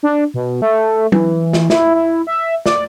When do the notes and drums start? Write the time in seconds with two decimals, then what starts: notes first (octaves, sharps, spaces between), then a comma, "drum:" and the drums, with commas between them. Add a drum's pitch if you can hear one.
0.03 D4
0.34 B2
0.62 A3
1.12 E3, drum: tom F#3
1.53 drum: snare
1.70 E4, drum: snare
1.94 E4
2.27 E5
2.66 D5, drum: snare